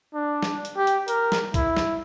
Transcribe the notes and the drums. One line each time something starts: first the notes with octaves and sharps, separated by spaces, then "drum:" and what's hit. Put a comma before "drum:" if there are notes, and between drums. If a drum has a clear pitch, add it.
D4
drum: snare
drum: hi-hat
G4
drum: hi-hat
A#4, drum: hi-hat
drum: snare
E4, drum: kick C2, hi-hat
drum: snare